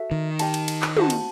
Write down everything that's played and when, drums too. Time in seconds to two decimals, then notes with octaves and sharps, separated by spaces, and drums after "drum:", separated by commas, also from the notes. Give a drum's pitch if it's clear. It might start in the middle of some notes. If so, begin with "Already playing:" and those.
Already playing: F#4 A4 E5
0.11 D#3
0.39 G4 D#5 A5, drum: cymbal
0.54 drum: cymbal
0.68 drum: cymbal
0.82 drum: clap
0.97 F#4 C5 F#5 A5, drum: tom
1.10 drum: cymbal